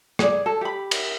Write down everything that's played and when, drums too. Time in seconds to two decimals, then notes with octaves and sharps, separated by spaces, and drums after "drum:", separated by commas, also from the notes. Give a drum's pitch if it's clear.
0.19 G#4 D5, drum: rim click
0.46 A4
0.61 G4 B5
0.91 drum: cymbal